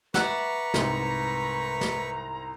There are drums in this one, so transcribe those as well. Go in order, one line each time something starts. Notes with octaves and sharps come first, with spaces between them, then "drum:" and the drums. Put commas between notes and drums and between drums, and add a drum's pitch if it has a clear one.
B4 D5 E5 F#5 A#5 C#6, drum: snare
C2 G#2, drum: snare
drum: snare